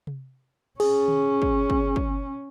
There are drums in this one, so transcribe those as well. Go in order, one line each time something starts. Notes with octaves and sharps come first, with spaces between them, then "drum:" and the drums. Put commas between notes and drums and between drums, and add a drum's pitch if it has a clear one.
drum: tom C3
C#4 G#4, drum: cymbal
drum: tom D3
drum: kick
drum: kick
drum: kick